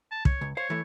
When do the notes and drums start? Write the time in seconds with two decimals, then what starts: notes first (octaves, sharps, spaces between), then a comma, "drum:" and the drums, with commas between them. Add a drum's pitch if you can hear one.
0.11 A5
0.25 C#5, drum: kick
0.41 C#2
0.57 C5 C#5 F5
0.70 E3 A3